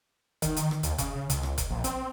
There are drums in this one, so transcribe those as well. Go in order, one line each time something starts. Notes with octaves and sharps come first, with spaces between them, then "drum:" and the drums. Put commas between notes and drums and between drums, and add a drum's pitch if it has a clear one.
D#3, drum: kick F1, hi-hat
drum: hi-hat
drum: rim click
D#2, drum: hi-hat
C#3, drum: kick F1, hi-hat
C#3
C#2, drum: hi-hat
drum: rim click
drum: kick F1, hi-hat
A#1
C4, drum: hi-hat